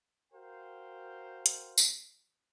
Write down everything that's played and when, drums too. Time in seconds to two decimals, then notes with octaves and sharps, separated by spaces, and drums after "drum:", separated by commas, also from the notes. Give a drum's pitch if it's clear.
0.33 F#4 A#4 C5 F5 G5
1.46 drum: hi-hat
1.78 drum: tambourine